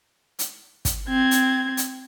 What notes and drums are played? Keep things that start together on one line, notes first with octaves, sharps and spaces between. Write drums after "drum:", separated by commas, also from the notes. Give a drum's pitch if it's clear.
drum: hi-hat
drum: kick, hi-hat
C4 G#6
drum: hi-hat
drum: hi-hat